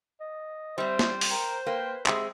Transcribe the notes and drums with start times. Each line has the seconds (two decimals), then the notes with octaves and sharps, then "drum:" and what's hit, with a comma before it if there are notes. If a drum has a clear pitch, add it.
0.21 D#5
0.78 G3 C4 C5 E5
0.99 drum: snare
1.21 drum: open hi-hat
1.31 A#4 G5
1.66 A#3 B4 G5
2.06 G#3 C4 G4 E5, drum: clap